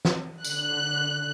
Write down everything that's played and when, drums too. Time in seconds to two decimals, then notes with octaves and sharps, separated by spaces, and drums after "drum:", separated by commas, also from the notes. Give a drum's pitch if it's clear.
0.05 drum: snare
0.45 D3 F#6, drum: tambourine